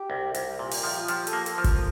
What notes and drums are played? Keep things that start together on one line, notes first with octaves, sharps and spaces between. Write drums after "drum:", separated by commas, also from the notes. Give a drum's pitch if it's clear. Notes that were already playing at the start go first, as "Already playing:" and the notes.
Already playing: G4
C2
C2 G4, drum: hi-hat
A#2 G4
drum: open hi-hat
F3 F4
G4
F4
F3 G4, drum: hi-hat
A4, drum: hi-hat
A#3
A4, drum: hi-hat
F3 C5
A#4, drum: kick G1, hi-hat